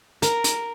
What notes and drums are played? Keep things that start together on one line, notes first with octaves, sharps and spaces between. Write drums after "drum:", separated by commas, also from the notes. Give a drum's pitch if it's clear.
A#4, drum: hi-hat
drum: hi-hat